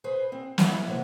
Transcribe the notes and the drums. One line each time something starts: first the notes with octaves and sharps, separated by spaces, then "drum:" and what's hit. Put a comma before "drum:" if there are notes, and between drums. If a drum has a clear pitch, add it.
G#4 B4 C5
C4
A#3 E4 G#4 C#5 E5 F#5, drum: snare
C3 F#3 G#3 A#3 B3